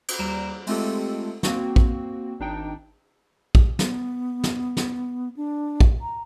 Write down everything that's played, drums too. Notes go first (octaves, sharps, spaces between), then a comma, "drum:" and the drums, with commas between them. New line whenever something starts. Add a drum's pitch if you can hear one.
drum: cymbal
D#2 G3 A#5 D7 E7
G#3 A3 C4 F4 G4 A4, drum: open hi-hat
A#3 C4 F#4, drum: snare
drum: kick
G#1 D4 D#4 G5
drum: kick
B3, drum: snare
drum: snare
drum: snare
D4
drum: kick
A#5